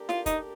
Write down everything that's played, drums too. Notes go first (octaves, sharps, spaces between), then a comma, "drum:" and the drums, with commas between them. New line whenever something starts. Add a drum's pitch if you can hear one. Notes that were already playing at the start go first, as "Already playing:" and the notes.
Already playing: A#2 A3 D4 G4 A#4
F4, drum: snare
D#4, drum: kick, hi-hat